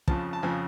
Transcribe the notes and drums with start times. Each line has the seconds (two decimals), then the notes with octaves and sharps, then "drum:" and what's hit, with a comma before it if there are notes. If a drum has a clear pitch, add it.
0.08 F2 C#3 F3 A5, drum: kick
0.33 A5
0.43 F2 C#3 F3 G#5